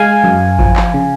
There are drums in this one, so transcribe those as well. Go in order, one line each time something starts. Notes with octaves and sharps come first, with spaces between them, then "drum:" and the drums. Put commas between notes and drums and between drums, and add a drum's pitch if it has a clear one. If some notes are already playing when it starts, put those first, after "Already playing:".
Already playing: G#3 F5 G#5
F#2
F3, drum: kick G#1
drum: clap
C#3